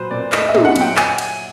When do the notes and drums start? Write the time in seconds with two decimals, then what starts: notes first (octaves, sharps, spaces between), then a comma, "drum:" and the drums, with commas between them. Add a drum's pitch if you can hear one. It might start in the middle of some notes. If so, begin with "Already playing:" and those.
Already playing: A#2 F#3 B4 C5
0.11 A#2 D5
0.32 A3 D#5, drum: clap
0.49 E5
0.54 A#2, drum: tom
0.65 F#5
0.76 F#3, drum: cymbal
0.81 G5
0.97 G#5, drum: clap
1.18 drum: cymbal